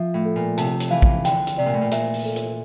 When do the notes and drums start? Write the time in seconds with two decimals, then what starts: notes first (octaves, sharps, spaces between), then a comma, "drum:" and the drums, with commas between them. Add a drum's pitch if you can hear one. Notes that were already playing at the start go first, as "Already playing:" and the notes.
Already playing: F3 C4 E5
0.14 A2
0.25 A4
0.36 A#2
0.58 C3 A5, drum: hi-hat
0.80 drum: hi-hat
0.91 E3 F5
1.02 drum: kick
1.25 D3 G5, drum: hi-hat
1.47 drum: hi-hat
1.58 C3 D5
1.66 A#2
1.74 A2
1.81 A#2
1.91 A#2 E5, drum: hi-hat
2.14 drum: open hi-hat
2.25 A4
2.36 drum: hi-hat